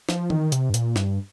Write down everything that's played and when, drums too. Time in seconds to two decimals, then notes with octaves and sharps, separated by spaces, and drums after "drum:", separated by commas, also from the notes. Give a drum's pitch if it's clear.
0.09 F3, drum: snare
0.30 D#3, drum: tom E3
0.52 C3, drum: hi-hat
0.70 G2
0.74 A#2, drum: hi-hat
0.96 G2, drum: snare